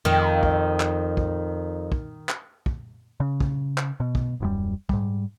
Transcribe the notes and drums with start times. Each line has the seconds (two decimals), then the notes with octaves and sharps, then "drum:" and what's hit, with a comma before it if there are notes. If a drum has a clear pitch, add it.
0.05 F2 D#3
0.43 drum: kick
0.80 drum: clap
1.17 drum: kick
1.92 drum: kick
2.29 drum: clap
2.66 drum: kick
3.20 C#3
3.40 drum: kick
3.78 drum: clap
4.00 B2
4.15 drum: kick
4.40 D#1 F#2 G3
4.89 G#2 G3, drum: kick